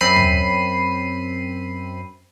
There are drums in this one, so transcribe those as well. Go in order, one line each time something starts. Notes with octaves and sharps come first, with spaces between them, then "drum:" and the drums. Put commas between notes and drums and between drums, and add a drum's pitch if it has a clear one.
F#2 C4 B5 C7 D#7
drum: tom